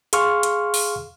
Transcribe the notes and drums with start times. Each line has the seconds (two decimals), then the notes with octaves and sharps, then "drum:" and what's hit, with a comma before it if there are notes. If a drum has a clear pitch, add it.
0.13 G#4 F5 C6 C#6 F6, drum: hi-hat
0.43 drum: hi-hat
0.74 drum: open hi-hat